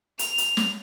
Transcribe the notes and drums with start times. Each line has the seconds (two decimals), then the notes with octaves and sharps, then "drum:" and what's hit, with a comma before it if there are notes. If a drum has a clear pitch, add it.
0.19 F7, drum: hi-hat
0.38 drum: hi-hat
0.57 drum: snare